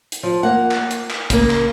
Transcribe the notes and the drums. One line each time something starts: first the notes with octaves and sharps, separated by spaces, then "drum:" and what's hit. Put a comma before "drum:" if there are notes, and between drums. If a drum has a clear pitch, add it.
drum: hi-hat
F3
A#3 F#5
drum: clap
drum: hi-hat
drum: clap
C#3 A#3, drum: kick, hi-hat
drum: clap